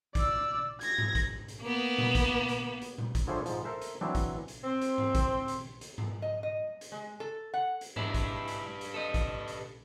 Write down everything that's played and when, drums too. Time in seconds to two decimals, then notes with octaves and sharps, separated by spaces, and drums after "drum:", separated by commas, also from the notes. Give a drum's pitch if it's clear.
0.15 D5 E6, drum: kick, hi-hat
0.81 G#6 A#6, drum: hi-hat
0.98 drum: tom G#2
1.15 drum: kick, hi-hat
1.48 drum: hi-hat
1.62 A#3 B3
1.98 drum: tom A#2
2.15 drum: kick, hi-hat
2.48 drum: hi-hat
2.82 drum: hi-hat
2.98 drum: tom A#2
3.15 drum: kick, hi-hat
3.27 D3 F3 E4 G#4 C5 C#5
3.46 G#2 F3, drum: hi-hat
3.65 A4 A#4 C5 E5
3.82 drum: hi-hat
4.01 E3 F#3 C4 D4, drum: tom F#3
4.15 drum: kick, hi-hat
4.48 drum: hi-hat
4.64 C4
4.81 drum: hi-hat
4.98 drum: tom G#2
5.15 drum: kick, hi-hat
5.48 drum: hi-hat
5.81 drum: hi-hat
5.98 drum: tom G#2
6.22 D#5
6.43 D#5
6.81 drum: hi-hat
6.92 G#3
7.20 A4
7.54 F#5
7.81 drum: hi-hat
7.96 G#3 D4 E4 G4 B4, drum: tom G#2
8.14 drum: kick, hi-hat
8.48 drum: hi-hat
8.81 drum: hi-hat
8.94 A4 D#5
9.14 drum: kick, hi-hat
9.48 drum: hi-hat